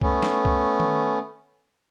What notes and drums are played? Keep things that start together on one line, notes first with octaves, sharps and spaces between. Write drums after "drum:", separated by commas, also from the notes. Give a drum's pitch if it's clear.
A3 B3 C#4, drum: kick C2
drum: snare
drum: kick C2
drum: tom D#3